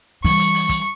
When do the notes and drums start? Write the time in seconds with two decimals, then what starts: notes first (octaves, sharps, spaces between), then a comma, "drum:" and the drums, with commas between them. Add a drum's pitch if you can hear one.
0.24 E3 G3 C#6, drum: open hi-hat
0.39 drum: hi-hat
0.54 drum: open hi-hat
0.69 drum: kick, hi-hat